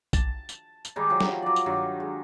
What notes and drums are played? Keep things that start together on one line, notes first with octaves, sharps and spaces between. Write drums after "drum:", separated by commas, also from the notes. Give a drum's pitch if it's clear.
A5, drum: kick, tambourine
drum: tambourine
drum: tambourine
D#3 G3 G#3 D#4
F3 F#3
drum: snare
F#3 D5
drum: tambourine
G2 D#3 F#3
G#3